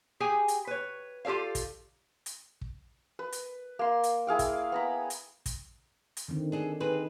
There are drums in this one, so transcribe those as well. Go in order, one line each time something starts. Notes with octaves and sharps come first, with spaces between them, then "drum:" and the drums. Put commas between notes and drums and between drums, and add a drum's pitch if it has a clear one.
G4 G#4 G5 G#5
drum: hi-hat
B4 C#5
F4 G4 A4 D5 F5
drum: kick, hi-hat
drum: hi-hat
drum: kick
B4
drum: hi-hat
A#3 C6
drum: hi-hat
E4 G#4 F5 G5
drum: kick, hi-hat
B3 A#5 B5
drum: hi-hat
drum: kick, hi-hat
drum: hi-hat
D3 D#3 C4
D4 G#4 A4
C4 D#4 G#4 B4